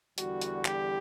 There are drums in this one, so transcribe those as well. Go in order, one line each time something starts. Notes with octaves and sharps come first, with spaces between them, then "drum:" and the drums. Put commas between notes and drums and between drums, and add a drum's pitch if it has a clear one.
E2 D3 G3 F#4, drum: hi-hat
drum: hi-hat
G4, drum: clap